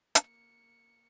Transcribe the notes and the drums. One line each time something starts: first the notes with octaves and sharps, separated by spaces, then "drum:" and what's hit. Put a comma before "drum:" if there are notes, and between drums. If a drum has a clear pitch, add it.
A#3 C#7, drum: hi-hat